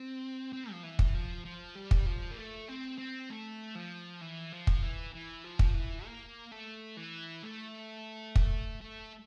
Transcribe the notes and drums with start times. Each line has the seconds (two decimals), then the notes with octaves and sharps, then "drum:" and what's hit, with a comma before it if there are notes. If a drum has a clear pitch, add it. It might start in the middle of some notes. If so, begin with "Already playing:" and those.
Already playing: C4
0.53 C4
0.72 F3
0.84 E3
0.99 drum: kick
1.15 F3
1.45 F3
1.75 G3
1.91 drum: kick
2.06 F3
2.32 A#3
2.38 A3
2.68 C4
2.98 C4
3.30 A3
3.75 F3
4.21 E3
4.52 F3
4.67 drum: kick
4.83 E3
5.14 E3
5.44 F3
5.59 drum: kick
5.74 E3
6.06 A#3
6.52 A3
6.97 E3
7.44 A3
8.36 drum: kick
8.81 A3